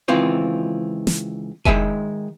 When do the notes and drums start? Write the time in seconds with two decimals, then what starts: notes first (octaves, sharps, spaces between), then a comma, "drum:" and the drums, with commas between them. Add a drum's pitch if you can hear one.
0.08 C#2 D#3 E3 C4 F4 C5
1.07 drum: snare
1.65 D#3 F3 G#3 E5 G#5, drum: kick F1